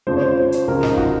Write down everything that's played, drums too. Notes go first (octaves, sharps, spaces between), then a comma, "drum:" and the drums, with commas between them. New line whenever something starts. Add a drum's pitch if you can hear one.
F2 C#3 F3 C5
C#5
C5
C5
drum: hi-hat
C#2 C#3 F3 A#4
D#4, drum: snare
F#4, drum: kick